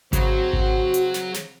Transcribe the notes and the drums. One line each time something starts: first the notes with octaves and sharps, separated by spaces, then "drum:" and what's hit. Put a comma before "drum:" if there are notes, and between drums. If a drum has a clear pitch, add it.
C#3 F#3 C4 F#4 C5, drum: kick G#1, hi-hat
drum: kick G#1
drum: hi-hat
drum: snare
drum: snare